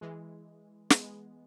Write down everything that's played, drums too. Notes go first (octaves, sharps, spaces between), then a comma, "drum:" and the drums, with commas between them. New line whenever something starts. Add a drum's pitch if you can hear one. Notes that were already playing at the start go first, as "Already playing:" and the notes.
E3 G#3
G#3 B3, drum: snare